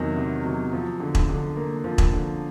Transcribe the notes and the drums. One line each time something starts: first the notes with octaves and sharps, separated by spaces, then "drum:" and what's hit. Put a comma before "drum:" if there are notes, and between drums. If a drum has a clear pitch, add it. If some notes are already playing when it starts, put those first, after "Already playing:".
Already playing: E2 C3 D#3 F#3
C3
F#3
F3
D3
drum: kick E1
D3
A#3
F3
drum: kick E1
D3